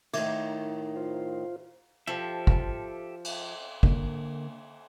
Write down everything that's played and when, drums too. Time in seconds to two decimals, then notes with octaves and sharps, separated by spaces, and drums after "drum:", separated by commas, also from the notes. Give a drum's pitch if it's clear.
0.13 A2 D#3 E5 D6 G#6, drum: cymbal
0.96 F4 C5
2.07 F3 G4 A4 E5
2.47 drum: kick
3.25 drum: cymbal
3.83 D3 A#3, drum: kick